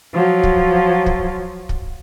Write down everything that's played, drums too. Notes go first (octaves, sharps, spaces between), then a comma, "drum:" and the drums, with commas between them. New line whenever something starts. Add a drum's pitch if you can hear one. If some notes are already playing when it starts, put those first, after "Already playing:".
F3 F#3
drum: kick
drum: kick
drum: kick